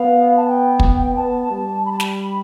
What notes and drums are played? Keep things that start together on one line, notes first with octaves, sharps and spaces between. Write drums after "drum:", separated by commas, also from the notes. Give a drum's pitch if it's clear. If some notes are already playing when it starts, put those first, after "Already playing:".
Already playing: B3 F5
A5
G5
drum: kick
B3 A5
G3
B5
A5
B5, drum: snare